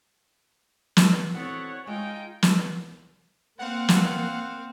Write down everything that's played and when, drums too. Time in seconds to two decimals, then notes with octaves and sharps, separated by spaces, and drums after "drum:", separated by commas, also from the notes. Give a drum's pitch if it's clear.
0.97 drum: snare
1.33 E3 B3 C4 D4 F#4 A4 C#5 F#5
1.87 G#3 D#4 F4 G#4 E5 G5 G#5
2.43 drum: snare
3.59 A#3 C4 F5 F#5
3.89 drum: snare